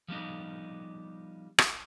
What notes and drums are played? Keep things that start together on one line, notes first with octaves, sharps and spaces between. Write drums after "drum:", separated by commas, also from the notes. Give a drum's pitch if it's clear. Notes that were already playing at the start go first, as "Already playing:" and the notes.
F3 G3 B3 D#4
drum: rim click